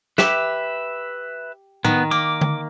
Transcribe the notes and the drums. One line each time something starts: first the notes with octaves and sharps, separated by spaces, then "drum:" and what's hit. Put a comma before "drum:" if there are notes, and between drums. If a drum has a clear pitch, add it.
G4 B4 E5, drum: snare
D#3 B3, drum: tom A2
A#3 D6
drum: tom D3